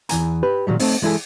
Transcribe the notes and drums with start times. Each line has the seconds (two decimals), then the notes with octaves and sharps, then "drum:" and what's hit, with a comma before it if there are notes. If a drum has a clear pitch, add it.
0.09 E2 E3 G#5 A#5, drum: hi-hat
0.43 G4 B4
0.67 A#2 D#3 F#3 G3
0.79 A3 C4 D#4, drum: open hi-hat
1.02 E3 G#3 E4 A4 G#5